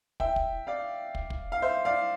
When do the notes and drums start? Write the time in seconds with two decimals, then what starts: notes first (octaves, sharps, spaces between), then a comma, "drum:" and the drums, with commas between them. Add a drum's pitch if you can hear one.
0.20 E5 G5, drum: kick
0.36 drum: kick
0.67 D5 F5
1.15 drum: kick
1.30 drum: kick
1.52 F5
1.62 C5 E5
1.85 D5 F5